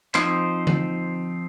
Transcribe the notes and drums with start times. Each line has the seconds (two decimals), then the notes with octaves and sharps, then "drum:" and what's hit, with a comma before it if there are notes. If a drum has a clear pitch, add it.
0.15 F3 C4 D#4 C5, drum: clap
0.67 drum: tom D3